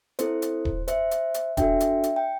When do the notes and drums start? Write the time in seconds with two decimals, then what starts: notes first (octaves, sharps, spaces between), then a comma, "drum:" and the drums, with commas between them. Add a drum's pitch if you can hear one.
0.19 C4 E4 A4 C5, drum: hi-hat
0.42 drum: hi-hat
0.65 drum: kick D#1
0.88 C5 E5, drum: hi-hat
1.11 drum: hi-hat
1.34 drum: hi-hat
1.57 D4 F#4 A4 E5 G5, drum: kick D#1, hi-hat
1.80 drum: hi-hat
2.03 drum: hi-hat
2.16 G5